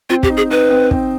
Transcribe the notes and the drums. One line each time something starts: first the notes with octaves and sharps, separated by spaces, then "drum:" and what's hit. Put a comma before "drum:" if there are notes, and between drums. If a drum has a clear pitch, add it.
C4 F4
G4, drum: kick
D#4
G#4
D#4 B4
C4
C4, drum: kick